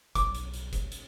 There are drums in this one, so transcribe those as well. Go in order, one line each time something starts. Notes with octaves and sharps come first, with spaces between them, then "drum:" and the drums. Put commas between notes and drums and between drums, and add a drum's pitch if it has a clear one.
B1 D6, drum: kick F#1, hi-hat
drum: hi-hat
drum: hi-hat
drum: kick F#1, hi-hat
drum: hi-hat